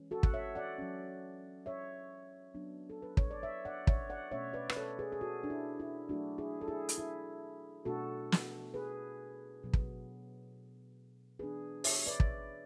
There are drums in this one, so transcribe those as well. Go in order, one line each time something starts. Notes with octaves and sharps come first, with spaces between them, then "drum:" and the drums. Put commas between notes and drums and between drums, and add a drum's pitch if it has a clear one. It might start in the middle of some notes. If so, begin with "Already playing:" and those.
Already playing: E3 G#3 C#4
F#4 A4
F#5, drum: kick
C#5 E5
D5 F#5
F#3 C#4
C#5 E5
F#3 B3 D4
A4
B4
C#5, drum: kick
D5
C#5 E5
D5 F#5
C#5 E5, drum: kick
D5 F#5
B2 A3 C#4 C#5 E5
B4 D5
B4, drum: rim click
A4 C#5
G#4 B4
G#4
F#4 A4
D4
E4
E4
F#3 A3 D4 F#4
E4 G#4
A4
E4 G#4
drum: hi-hat
E4
B2 A3 D4 F#4 A4
drum: snare
G#4 B4
B2 F#3 B3
drum: kick
E3 B3 D4 G#4 B4
C#5 E5, drum: open hi-hat
B4 D5
drum: kick